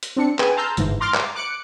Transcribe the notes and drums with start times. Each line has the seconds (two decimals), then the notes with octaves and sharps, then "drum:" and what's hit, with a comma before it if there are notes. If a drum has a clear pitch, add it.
0.03 drum: hi-hat
0.16 C4 D4 C#7
0.39 G#4 B4 G5 G#5, drum: clap
0.57 A5 A#5 C6 E6 F6 G6
0.77 G1 G#2 E3, drum: hi-hat
1.00 A#5 C6 D6 F6 A6
1.14 drum: clap
1.35 D6 F#6 C#7 D7